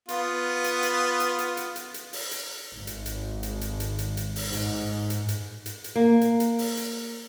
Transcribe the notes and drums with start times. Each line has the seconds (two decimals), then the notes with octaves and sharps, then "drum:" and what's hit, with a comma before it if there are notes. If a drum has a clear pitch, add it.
0.09 B3 F4, drum: hi-hat
0.64 drum: hi-hat
0.83 drum: hi-hat
1.20 drum: hi-hat
1.39 drum: hi-hat
1.57 drum: hi-hat
1.76 drum: hi-hat
1.94 drum: hi-hat
2.13 drum: open hi-hat
2.31 drum: hi-hat
2.77 G#1
2.87 drum: hi-hat
3.06 drum: hi-hat
3.43 drum: hi-hat
3.61 drum: hi-hat
3.80 drum: hi-hat
3.99 drum: hi-hat
4.17 drum: hi-hat
4.36 drum: open hi-hat
4.53 G#2, drum: hi-hat
5.10 drum: hi-hat
5.29 drum: hi-hat
5.66 drum: hi-hat
5.84 drum: hi-hat
5.96 A#3
6.21 drum: hi-hat
6.40 drum: hi-hat
6.59 drum: open hi-hat
6.77 drum: hi-hat